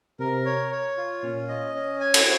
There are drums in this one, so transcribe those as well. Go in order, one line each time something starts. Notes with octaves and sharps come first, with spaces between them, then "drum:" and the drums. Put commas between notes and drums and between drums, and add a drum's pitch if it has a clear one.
C3 A#4
C#5
C#5
F4
A#2 C#4
D#5
C#4
G#5
drum: cymbal